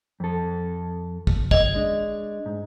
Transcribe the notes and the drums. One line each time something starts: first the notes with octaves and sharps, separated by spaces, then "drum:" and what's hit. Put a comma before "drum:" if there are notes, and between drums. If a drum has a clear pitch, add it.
F2 A4
drum: kick
D#5, drum: kick
G#3 D4
G#2